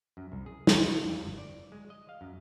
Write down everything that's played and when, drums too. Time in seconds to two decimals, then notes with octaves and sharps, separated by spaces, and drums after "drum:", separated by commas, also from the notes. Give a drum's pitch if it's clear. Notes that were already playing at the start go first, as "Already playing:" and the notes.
0.17 F#2
0.32 C2
0.46 G#4
0.67 B4, drum: snare
0.82 E4
1.04 F2
1.25 G1
1.38 D5
1.72 G#3
1.90 D#5
2.09 F5
2.21 F#2